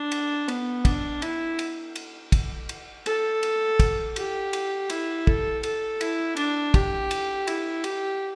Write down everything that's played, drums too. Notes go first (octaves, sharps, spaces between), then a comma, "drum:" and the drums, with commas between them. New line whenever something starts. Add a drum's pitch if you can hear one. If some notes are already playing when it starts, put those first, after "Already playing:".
Already playing: D4
drum: cymbal
B3, drum: cymbal
D4, drum: kick, cymbal
E4, drum: cymbal
drum: cymbal
drum: cymbal
drum: kick, cymbal
drum: cymbal
A4, drum: cymbal
drum: cymbal
drum: kick, cymbal
G4, drum: cymbal
drum: cymbal
E4, drum: cymbal
A4, drum: kick
A4, drum: cymbal
E4, drum: cymbal
D4, drum: cymbal
G4, drum: kick, cymbal
drum: cymbal
E4, drum: cymbal
G4, drum: cymbal